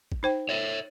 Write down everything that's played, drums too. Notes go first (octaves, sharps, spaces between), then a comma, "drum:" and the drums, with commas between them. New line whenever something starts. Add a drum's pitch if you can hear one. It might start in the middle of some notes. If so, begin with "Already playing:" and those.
drum: kick
D#4 C5 G5
C#5 E5